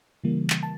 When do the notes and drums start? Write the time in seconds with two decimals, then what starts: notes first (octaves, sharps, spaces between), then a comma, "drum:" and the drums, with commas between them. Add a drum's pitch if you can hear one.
0.24 C#3 E3 G3 A#3
0.50 drum: clap
0.63 A5